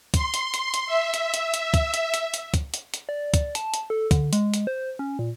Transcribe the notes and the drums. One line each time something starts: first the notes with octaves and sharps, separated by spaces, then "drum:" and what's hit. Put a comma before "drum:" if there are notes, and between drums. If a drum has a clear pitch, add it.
C6, drum: kick, hi-hat
drum: hi-hat
drum: hi-hat
drum: hi-hat
E5
drum: hi-hat
drum: hi-hat
drum: hi-hat
drum: kick, hi-hat
drum: hi-hat
drum: hi-hat
drum: hi-hat
drum: kick, hi-hat
drum: hi-hat
drum: hi-hat
D5
drum: kick, hi-hat
A5, drum: hi-hat
drum: hi-hat
A4
D3, drum: kick, hi-hat
G#3, drum: hi-hat
drum: hi-hat
C5
C#4
A#2